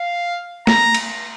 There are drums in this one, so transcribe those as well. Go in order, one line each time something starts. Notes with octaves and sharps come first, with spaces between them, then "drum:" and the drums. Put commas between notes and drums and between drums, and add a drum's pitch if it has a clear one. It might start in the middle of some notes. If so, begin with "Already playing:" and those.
Already playing: F5
A#5, drum: snare
drum: cymbal